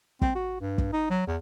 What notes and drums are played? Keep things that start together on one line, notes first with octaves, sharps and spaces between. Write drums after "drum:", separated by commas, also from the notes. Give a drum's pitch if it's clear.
C4, drum: kick
F#4
G2
drum: kick
D#4
F#3
E2